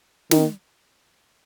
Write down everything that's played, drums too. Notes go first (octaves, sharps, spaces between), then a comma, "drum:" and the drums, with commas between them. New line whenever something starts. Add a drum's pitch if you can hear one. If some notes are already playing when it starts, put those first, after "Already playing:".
D#3, drum: snare